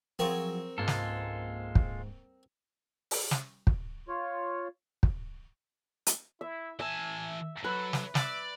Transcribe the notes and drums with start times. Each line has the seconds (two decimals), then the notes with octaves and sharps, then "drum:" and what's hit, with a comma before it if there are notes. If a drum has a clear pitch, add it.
0.19 F3 F#3 C4 G#4 A#4 C#6
0.78 C#2 G#2 G#3 A#3 F4 A4
0.88 drum: snare
1.75 drum: kick
3.11 drum: open hi-hat
3.31 drum: snare
3.67 drum: kick
4.08 F4 C#5
5.03 drum: kick
6.07 drum: hi-hat
6.41 E4 E5
6.80 E3 E5 G#5 A5
7.64 F#3 A4 B4
7.93 drum: snare
8.15 D5 E5, drum: snare